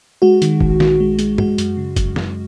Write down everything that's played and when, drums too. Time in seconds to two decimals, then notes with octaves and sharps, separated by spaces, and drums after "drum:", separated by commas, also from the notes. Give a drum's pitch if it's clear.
0.22 G#3 F#4
0.42 D#3, drum: hi-hat
0.61 A#1, drum: kick
0.80 D#3, drum: snare
1.00 G#3
1.19 G#3, drum: hi-hat
1.38 G#3 F#4, drum: tom
1.58 F#2, drum: hi-hat
1.77 C#3
1.96 F#2, drum: kick, hi-hat
2.16 F#2, drum: snare